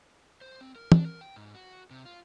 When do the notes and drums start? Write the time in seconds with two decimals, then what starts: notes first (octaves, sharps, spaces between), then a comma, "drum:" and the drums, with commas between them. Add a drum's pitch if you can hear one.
0.41 C5
0.61 C4
0.76 A#4
0.92 D4, drum: tom
1.05 A#4
1.21 G5
1.36 G#2
1.55 F#4
1.91 C3
2.05 F4